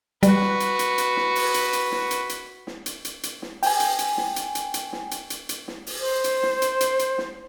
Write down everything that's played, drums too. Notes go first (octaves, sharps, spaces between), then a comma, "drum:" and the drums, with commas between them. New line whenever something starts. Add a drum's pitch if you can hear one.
G3 F#4 B4, drum: hi-hat
drum: snare
drum: hi-hat
drum: hi-hat
drum: hi-hat
drum: snare
drum: open hi-hat
drum: hi-hat
drum: hi-hat
drum: snare
drum: hi-hat
drum: hi-hat
drum: snare
drum: hi-hat
drum: hi-hat
drum: hi-hat
drum: snare
G5 G#5, drum: open hi-hat
drum: hi-hat
drum: hi-hat
drum: snare
drum: hi-hat
drum: hi-hat
drum: hi-hat
drum: snare
drum: hi-hat
drum: hi-hat
drum: hi-hat
drum: snare
drum: open hi-hat
C5
drum: hi-hat
drum: snare
drum: hi-hat
drum: hi-hat
drum: hi-hat
drum: snare